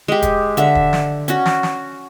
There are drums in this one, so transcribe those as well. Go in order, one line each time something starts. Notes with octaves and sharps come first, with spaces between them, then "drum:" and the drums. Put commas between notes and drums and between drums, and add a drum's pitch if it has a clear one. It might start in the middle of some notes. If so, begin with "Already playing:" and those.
G#3 G4
drum: kick, hi-hat
D3 E5, drum: hi-hat
drum: kick
drum: snare
C#4 F#4, drum: hi-hat
drum: snare
drum: snare